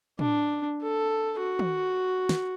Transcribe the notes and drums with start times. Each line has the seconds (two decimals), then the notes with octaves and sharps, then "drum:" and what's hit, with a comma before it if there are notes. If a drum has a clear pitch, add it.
0.19 D4, drum: tom
0.82 A4
1.39 F#4
1.59 drum: tom
2.29 drum: snare